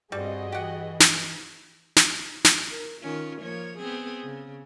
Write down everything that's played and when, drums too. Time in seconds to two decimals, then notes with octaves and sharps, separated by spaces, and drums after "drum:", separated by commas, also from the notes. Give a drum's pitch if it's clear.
0.12 G2 G3 C4 F#4 G#4 D#5
0.52 E3 G4 F#5
1.00 drum: snare
1.96 drum: snare
2.44 drum: snare
2.70 A#4
3.02 D#3 C#4 F4
3.41 F3 A#3 C#5
3.78 B3 C4 G#4
4.24 C#3